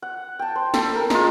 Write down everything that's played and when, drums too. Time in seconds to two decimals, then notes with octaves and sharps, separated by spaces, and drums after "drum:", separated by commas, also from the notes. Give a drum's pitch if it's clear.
0.02 F#5
0.39 G5 A5
0.55 C5
0.74 A4 G5 B5, drum: snare
0.95 A#4
1.10 G#3 F4, drum: snare